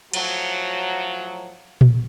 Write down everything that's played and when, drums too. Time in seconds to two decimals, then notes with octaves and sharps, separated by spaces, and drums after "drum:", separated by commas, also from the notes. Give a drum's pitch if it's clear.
0.13 A2 F3 F#3, drum: cymbal
1.81 drum: tom A#2